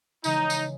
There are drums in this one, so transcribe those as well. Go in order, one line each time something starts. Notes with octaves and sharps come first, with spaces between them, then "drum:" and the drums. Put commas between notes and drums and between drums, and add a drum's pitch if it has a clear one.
C#3 E3 G#3 D#4, drum: tambourine
drum: tambourine